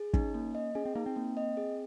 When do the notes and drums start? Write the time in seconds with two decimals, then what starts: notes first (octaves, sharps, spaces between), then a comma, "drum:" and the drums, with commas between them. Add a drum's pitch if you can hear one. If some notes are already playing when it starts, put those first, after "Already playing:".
Already playing: G#4
0.14 C#4 D#4, drum: kick
0.34 A#3
0.55 D#5
0.75 C#4 G#4
0.85 C4
0.95 A#3 D#4
1.06 C4
1.16 A#3
1.37 D#5
1.57 G#4